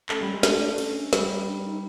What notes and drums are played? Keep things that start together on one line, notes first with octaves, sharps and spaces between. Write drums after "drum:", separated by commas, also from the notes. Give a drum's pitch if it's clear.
A3 C#4, drum: clap
G3
G#3
A3 D4, drum: snare
C#4, drum: cymbal
G3, drum: snare
D4
D#4